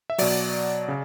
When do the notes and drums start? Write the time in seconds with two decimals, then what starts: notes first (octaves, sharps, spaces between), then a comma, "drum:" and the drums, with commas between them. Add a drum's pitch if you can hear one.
0.10 E5
0.18 B2 F#3 D5, drum: open hi-hat
0.88 C#3